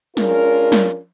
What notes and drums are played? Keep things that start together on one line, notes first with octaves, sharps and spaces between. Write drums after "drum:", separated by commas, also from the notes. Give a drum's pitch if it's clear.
G#3 C#4 D4 F4 A#4, drum: snare
drum: snare